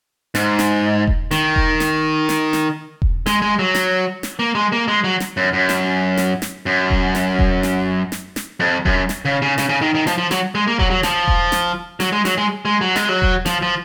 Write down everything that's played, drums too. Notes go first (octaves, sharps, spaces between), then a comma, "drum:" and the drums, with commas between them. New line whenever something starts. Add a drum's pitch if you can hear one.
G#2, drum: snare
drum: snare
drum: kick E1
D#3, drum: snare
drum: kick E1
drum: snare
drum: snare
drum: snare
drum: kick E1
G#3, drum: snare
G#3
F#3
drum: snare
drum: snare
A#3
G#3
A#3
G#3
F#3
drum: snare
F#2
F#2
drum: snare
drum: snare
drum: snare
F#2
drum: kick E1
drum: snare
drum: kick E1
drum: snare
drum: snare
drum: snare
F2
F#2, drum: kick E1
drum: snare
C#3
C#3
C#3, drum: snare
C#3
D#3
D#3
F3, drum: snare
F3
F#3, drum: snare
G#3
A#3
F#3, drum: kick E1
F#3
F3, drum: snare
drum: kick E1
drum: snare
F#3, drum: snare
G#3
F#3, drum: snare
G#3
G#3
F#3
G#3, drum: snare
F#3
drum: kick E1
F3, drum: snare
F3